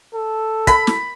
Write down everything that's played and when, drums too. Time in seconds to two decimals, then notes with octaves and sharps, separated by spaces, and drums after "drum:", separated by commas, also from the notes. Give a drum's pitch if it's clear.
0.15 A4
0.67 B5, drum: kick, hi-hat
0.87 drum: snare